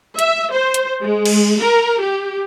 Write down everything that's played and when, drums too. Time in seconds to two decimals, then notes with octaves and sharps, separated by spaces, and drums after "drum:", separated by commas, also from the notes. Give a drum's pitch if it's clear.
0.19 E5, drum: hi-hat
0.53 C5
0.74 drum: hi-hat
1.01 G#3
1.25 drum: cymbal
1.60 A#4
2.01 G4